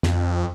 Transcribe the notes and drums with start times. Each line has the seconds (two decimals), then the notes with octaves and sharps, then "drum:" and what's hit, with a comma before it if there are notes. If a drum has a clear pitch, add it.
0.03 F2, drum: snare